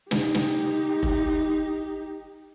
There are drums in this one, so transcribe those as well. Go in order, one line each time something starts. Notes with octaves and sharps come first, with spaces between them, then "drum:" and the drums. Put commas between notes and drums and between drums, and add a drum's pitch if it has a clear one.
D#4 G4, drum: snare
drum: snare
drum: kick F1